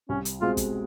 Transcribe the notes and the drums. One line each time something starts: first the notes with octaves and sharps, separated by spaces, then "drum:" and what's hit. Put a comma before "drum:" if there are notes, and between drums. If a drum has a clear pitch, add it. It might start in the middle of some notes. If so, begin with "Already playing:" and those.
C2 C#4
drum: hi-hat
B2 G#3 C4 F4
drum: kick, hi-hat